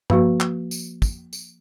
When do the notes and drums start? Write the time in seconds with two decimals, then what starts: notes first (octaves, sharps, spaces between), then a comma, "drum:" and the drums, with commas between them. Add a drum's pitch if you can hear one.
0.10 F3 A#3 F#4, drum: tom G2
0.40 drum: clap
0.71 drum: tambourine
1.02 drum: kick, tambourine
1.33 drum: tambourine